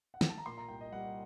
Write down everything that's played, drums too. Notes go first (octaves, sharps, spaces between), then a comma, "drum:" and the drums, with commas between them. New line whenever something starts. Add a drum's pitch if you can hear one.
F#5
G5, drum: snare
A5
A#5
A#2 C6
A#5
C2 G5
D#5
G3 F#5